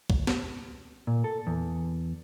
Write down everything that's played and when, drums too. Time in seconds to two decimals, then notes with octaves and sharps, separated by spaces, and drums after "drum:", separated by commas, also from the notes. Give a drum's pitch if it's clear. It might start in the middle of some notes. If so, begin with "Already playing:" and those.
0.10 drum: kick
0.27 drum: snare
1.07 A#2
1.24 A4
1.47 E2